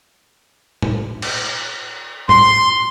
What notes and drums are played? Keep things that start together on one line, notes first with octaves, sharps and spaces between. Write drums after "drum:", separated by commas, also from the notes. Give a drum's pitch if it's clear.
drum: tom A2
drum: cymbal
C6, drum: tom A2